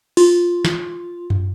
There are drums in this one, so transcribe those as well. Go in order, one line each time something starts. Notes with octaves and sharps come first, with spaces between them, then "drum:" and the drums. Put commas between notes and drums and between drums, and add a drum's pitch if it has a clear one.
F4, drum: open hi-hat
drum: snare
drum: tom F#2